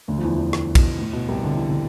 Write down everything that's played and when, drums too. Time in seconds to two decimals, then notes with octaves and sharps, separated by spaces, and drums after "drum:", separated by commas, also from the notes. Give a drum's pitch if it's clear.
0.08 D2 D3
0.18 F3
0.23 E2 E3
0.38 E2 E3
0.53 drum: rim click
0.75 B2, drum: kick, cymbal
0.98 A2
1.13 B2
1.28 C2 C3
1.44 D3
1.57 E3
1.70 D3